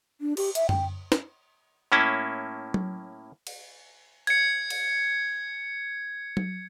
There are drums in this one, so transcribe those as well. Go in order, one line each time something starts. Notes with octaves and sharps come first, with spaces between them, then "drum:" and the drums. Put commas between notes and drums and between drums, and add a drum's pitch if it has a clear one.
D4
G4, drum: cymbal
E5, drum: hi-hat
G5, drum: tom F#2
drum: snare
A2 A#3 C#4 E4
drum: tom F#3
drum: cymbal
G#6 C#7, drum: cymbal
drum: cymbal
drum: tom F#3